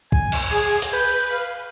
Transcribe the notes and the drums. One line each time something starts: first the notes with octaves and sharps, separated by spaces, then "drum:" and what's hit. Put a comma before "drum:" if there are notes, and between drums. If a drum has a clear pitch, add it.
G#5, drum: kick
drum: cymbal
G#4 G#6
drum: open hi-hat
B4 G6
F5